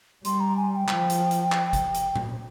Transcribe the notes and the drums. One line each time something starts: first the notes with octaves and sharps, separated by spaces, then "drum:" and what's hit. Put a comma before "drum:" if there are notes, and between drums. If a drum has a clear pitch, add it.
G3 C6, drum: hi-hat
A#5
G#5
G#5
G5
F3, drum: clap
drum: hi-hat
drum: hi-hat
drum: clap
drum: kick G#1, hi-hat
drum: hi-hat
drum: tom A#2